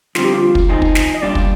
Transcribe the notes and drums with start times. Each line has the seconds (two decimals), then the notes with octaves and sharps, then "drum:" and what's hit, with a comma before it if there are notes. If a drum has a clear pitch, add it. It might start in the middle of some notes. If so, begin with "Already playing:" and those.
0.15 F2 D3 G3 C4 F4, drum: snare
0.24 G4
0.33 F4
0.55 drum: kick
0.69 C3 F3 C4 D#4 G#4
0.82 drum: kick
0.95 drum: snare
1.14 D#5
1.22 A#2 G3 D4 F4 D5
1.35 drum: kick